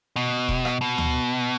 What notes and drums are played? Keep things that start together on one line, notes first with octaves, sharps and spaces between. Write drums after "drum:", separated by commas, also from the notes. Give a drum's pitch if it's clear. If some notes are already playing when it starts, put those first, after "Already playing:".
B2
drum: kick D#1
drum: rim click
B2
drum: tom D2